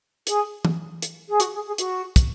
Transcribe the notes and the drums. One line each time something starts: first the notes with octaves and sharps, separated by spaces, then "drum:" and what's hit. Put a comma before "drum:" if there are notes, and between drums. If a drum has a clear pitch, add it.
G#4, drum: hi-hat
drum: tom E3
drum: hi-hat
G#4
F#4, drum: hi-hat
G#4
G#4
F#4, drum: hi-hat
drum: kick, hi-hat